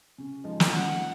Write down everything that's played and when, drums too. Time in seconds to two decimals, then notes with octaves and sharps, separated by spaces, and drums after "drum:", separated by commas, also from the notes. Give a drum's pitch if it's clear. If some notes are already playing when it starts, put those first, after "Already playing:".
0.18 C#3
0.44 F3 G#3 D#4
0.60 drum: snare
0.71 C#3 F#5
0.98 F3